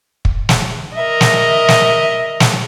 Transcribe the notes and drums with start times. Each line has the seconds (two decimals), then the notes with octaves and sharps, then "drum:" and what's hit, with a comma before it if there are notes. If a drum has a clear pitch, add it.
0.25 drum: kick
0.49 drum: snare
0.97 A#4 D#5 E5
1.21 drum: snare
1.68 drum: snare
2.40 drum: snare